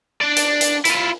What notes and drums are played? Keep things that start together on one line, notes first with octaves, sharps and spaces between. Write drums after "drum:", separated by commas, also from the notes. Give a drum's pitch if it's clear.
D4 D5
drum: hi-hat
drum: hi-hat
E4 F4, drum: hi-hat